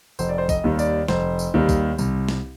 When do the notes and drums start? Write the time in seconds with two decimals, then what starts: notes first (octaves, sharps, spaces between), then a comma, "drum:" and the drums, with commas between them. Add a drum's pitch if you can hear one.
0.19 F1 C5, drum: tambourine
0.29 D5
0.38 C5
0.49 D#5, drum: kick, tambourine
0.64 D#2 D#3 G3
0.79 D5, drum: tambourine
1.08 F1 C5, drum: snare
1.39 drum: tambourine
1.54 D#2 D#3 G3
1.69 drum: kick, tambourine
1.98 C2, drum: tambourine
2.29 drum: snare